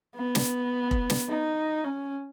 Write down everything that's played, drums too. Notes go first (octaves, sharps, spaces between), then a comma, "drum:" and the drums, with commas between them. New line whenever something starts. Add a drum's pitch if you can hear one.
B3
drum: snare
drum: kick F1
drum: snare
D#4
C#4